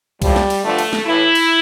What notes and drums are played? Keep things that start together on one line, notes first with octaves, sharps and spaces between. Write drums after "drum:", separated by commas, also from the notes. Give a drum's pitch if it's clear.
A2 F3 G3, drum: kick C2, cymbal
drum: snare
drum: cymbal
G2 D3 F3 A3
drum: cymbal
drum: snare
A2 E3 E4
drum: cymbal